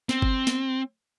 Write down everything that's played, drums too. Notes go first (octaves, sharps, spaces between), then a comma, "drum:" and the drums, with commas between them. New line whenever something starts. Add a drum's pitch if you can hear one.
C4, drum: snare
drum: kick G1
drum: snare